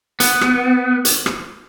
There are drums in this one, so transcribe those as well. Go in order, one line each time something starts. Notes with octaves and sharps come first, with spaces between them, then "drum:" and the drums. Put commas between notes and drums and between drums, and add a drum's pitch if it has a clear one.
B3, drum: hi-hat
drum: rim click
drum: hi-hat
drum: rim click